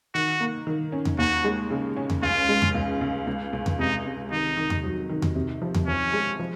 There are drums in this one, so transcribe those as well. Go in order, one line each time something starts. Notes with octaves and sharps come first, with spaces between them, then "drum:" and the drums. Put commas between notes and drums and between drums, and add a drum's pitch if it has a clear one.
D#3 F#4
A#3
D#3
C#4
drum: tom E2
D#2 F#4
G#3
C#3
C#4
drum: tom E2
C#2 F4
G#3
drum: tom E2
C#2
C#2
C#2
C#2
drum: tom E2
C3 D#4
C3
D#3 D#4
D#3
drum: tom E2
F#3
D#3
drum: tom E2
C3
F3
drum: tom E2
F3 C#4
G#3
F3